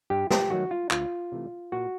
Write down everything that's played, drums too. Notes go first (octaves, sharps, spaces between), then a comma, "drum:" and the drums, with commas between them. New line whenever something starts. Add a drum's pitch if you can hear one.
G2 G4
G4, drum: snare
D#3 F#3 A3 F#4
F4
D2 F4, drum: clap
C3 E3 A3
A#2 F#4